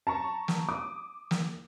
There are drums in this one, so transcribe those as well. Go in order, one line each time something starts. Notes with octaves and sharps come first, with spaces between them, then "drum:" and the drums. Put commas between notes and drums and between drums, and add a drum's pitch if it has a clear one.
A5 A#5 C#6
drum: snare
D6 D#6
drum: snare